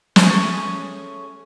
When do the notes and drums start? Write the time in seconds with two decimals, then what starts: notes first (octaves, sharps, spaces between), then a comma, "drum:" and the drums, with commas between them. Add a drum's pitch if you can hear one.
0.16 A3 C#4 G#4, drum: snare